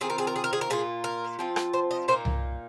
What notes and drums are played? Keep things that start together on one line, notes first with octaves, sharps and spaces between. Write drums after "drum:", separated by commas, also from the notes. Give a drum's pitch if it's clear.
D#3 C4 F4 G#4
A#4
G#4
A#4
G#4
A#4
G#4
A#4
A#2 A#3 F4 G#4
A#4
F3 C4 F4
drum: rim click
C5
D#5
A#2 A#3 D#4 C5
drum: tom C2